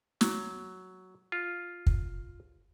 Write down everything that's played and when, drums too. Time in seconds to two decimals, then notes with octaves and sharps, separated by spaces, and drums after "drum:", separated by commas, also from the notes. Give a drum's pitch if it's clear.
0.21 F#3, drum: snare
1.32 F4
1.87 drum: kick